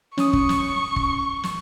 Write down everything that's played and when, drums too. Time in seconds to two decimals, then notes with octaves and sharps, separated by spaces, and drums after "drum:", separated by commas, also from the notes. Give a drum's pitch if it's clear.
0.18 C#4 C#6 D#6, drum: snare
0.33 drum: kick
0.49 drum: snare
0.96 drum: kick
1.43 drum: snare